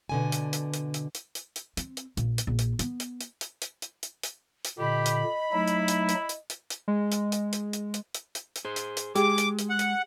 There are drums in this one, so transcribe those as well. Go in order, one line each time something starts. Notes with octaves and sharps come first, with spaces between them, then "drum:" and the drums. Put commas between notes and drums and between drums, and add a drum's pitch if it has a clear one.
B2 D3 G#5
drum: hi-hat
drum: hi-hat
drum: hi-hat
drum: hi-hat
drum: hi-hat
drum: hi-hat
drum: hi-hat
C4, drum: hi-hat
drum: hi-hat
A#1, drum: hi-hat
drum: hi-hat
A#1
drum: hi-hat
B3, drum: hi-hat
drum: hi-hat
drum: hi-hat
drum: hi-hat
drum: hi-hat
drum: hi-hat
drum: hi-hat
drum: hi-hat
drum: hi-hat
A#2 D3 G4 D#5 B5
drum: hi-hat
F#3 A3 D#4 E4
drum: hi-hat
drum: hi-hat
drum: hi-hat
drum: hi-hat
drum: hi-hat
drum: hi-hat
G#3
drum: hi-hat
drum: hi-hat
drum: hi-hat
drum: hi-hat
drum: hi-hat
drum: hi-hat
drum: hi-hat
drum: hi-hat
G#4 C5
drum: hi-hat
drum: hi-hat
G#3 G4 G#4 G5 D6, drum: hi-hat
drum: hi-hat
drum: hi-hat
F#5
drum: hi-hat